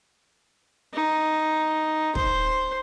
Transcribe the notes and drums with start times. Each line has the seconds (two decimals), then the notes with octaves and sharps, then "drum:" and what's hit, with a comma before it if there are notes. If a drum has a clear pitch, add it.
0.94 D#4
2.15 C5, drum: kick